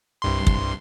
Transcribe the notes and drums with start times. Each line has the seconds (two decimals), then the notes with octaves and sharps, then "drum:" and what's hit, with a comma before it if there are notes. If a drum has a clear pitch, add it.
0.22 C2 G2 C6
0.47 drum: kick